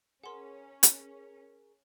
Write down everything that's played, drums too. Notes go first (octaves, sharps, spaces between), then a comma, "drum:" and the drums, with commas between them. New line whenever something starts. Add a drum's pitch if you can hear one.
C#4 G#4 A#4 F#5 C6
drum: hi-hat